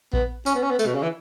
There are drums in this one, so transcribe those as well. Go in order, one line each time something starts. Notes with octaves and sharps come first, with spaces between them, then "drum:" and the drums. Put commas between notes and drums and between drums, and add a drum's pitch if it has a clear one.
B3, drum: kick A#1
C#4, drum: tambourine
B3
C#4
B3
A3, drum: tambourine
B2
C#3
E3